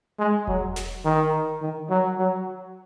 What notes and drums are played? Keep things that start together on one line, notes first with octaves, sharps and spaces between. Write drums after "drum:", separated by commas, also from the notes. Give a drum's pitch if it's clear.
G#3
F#3, drum: kick E1
drum: snare
D#3
D#3
F#3
F#3